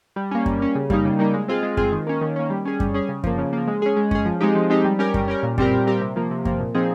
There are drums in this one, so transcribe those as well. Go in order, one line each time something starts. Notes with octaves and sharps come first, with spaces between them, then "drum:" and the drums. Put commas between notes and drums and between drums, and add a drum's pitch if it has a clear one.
G3
A#3 C#4
G3, drum: kick F#2
A#3 C#4
C#3
G3 A#3 D#4, drum: kick F#2
C#3
G3 A#3 D#4
G#3
C4 F4 G#4
G#3
C4 F4 G#4, drum: kick F#2
D#3
A#3 C#4
D#3
A#3 C#4
G3
C#4 G#4
G3, drum: kick F#2
C#4 G#4
C#3
F3 A#3, drum: kick F#2
C#3
F3 A#3
G#3
C#4 G#4
G#3
C#4 G#4, drum: kick F#2
F3
G#3 C4 D#4 G4
F3
G#3 C4 D#4 G4
G3
C#4 G4 A#4
G3, drum: kick F#2
C#4 G4 A#4
A#2
G3 C4 G4 A#4, drum: kick F#2
A#2
G3 C4 G4 A#4
C3
F3 A#3
C3
F3 A#3, drum: kick F#2
A#2
F3 C4 D#4 G#4